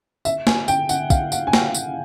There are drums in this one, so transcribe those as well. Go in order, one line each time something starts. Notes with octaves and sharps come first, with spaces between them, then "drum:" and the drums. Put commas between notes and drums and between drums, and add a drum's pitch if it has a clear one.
E5, drum: tambourine
G#5, drum: snare
G5, drum: tambourine
F#5, drum: tambourine
F5, drum: kick, tambourine
F#5, drum: tambourine
G#5
G5, drum: snare
drum: tambourine